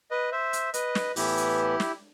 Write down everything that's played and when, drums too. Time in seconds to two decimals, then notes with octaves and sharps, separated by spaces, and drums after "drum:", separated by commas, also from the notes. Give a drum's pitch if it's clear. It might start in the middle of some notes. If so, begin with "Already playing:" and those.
0.11 B4 D#5
0.32 C5 E5
0.53 drum: hi-hat
0.74 B4 D#5, drum: hi-hat
0.95 drum: snare
1.16 A2 E3 B3 E4 G4, drum: open hi-hat
1.38 drum: hi-hat
1.80 drum: snare